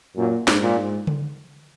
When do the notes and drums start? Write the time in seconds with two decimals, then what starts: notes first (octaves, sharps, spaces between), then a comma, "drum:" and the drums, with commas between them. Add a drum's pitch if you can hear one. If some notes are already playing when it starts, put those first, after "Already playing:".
0.16 F#2 A#2
0.48 G#2, drum: snare
0.62 A#2
0.77 G#2
1.07 drum: tom C#3